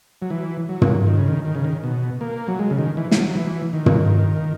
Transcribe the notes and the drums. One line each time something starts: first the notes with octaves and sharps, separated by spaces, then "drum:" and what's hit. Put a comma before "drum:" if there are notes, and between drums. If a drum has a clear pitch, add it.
F#3
E3
F#3
drum: tom
D#3
C#3
D#3
D#3
C#3
D#3
B2
A#3
F#3
G#3
C#3
D#3
E3
E3, drum: snare
F#3
F#3
E3
D#3
drum: tom